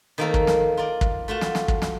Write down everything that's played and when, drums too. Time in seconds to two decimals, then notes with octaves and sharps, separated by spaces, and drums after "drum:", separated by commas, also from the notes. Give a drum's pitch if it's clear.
0.18 D#3 A3 A#3 C4 A4 A#4
0.34 drum: kick
0.47 drum: snare
0.77 F4 A#4 D5
1.01 drum: kick
1.28 A3 F4 F#4 A5
1.41 drum: snare
1.55 drum: snare
1.68 drum: kick
1.82 drum: snare